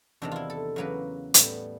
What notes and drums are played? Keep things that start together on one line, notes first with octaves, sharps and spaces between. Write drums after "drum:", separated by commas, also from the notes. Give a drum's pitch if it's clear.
E2 C3 D#3 D4
E4 F4
A4
E2 C#3 F#3 A#3 B4
A2 E3 G3 B3, drum: hi-hat